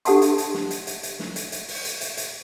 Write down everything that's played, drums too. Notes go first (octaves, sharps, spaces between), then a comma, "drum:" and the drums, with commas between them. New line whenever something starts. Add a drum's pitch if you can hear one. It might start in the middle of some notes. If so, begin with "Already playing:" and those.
D4 G4 A4 F#5 A5 C6, drum: hi-hat
drum: hi-hat
drum: hi-hat
drum: snare
drum: hi-hat
drum: hi-hat
drum: hi-hat
drum: snare
drum: hi-hat
drum: hi-hat
drum: open hi-hat
drum: hi-hat
drum: hi-hat
drum: hi-hat